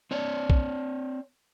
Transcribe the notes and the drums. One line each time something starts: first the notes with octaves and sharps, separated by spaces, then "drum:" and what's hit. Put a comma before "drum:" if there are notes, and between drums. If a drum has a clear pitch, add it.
C4 C#5 D5
drum: kick B1